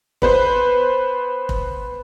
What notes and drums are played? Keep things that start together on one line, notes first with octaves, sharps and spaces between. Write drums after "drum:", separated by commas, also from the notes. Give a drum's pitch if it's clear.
B3 B4 C5, drum: kick
drum: kick